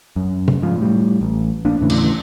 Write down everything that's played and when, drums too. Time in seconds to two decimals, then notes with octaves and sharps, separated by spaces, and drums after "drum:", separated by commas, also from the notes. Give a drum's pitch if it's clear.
0.16 F#2
0.48 drum: tom C3
0.62 G#2 F3
0.78 A2 G3
1.21 A1
1.65 A#1 A#3 D4
1.80 D#2 A2 C#3 E3
1.90 drum: cymbal